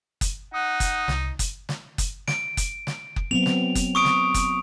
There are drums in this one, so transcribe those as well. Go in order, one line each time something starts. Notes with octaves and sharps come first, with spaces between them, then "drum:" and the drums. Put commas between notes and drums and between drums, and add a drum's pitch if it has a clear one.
drum: kick F#1, hi-hat
D#4 F#5 D#6
drum: kick F#1, hi-hat
C2, drum: snare
drum: kick F#1, hi-hat
drum: snare
drum: kick F#1, hi-hat
D7, drum: snare
drum: kick F#1, hi-hat
drum: snare
drum: kick F#1
F#3 B3 C4 F7
drum: snare
drum: kick F#1, hi-hat
C#6 D#6 D7
drum: snare
drum: kick F#1, hi-hat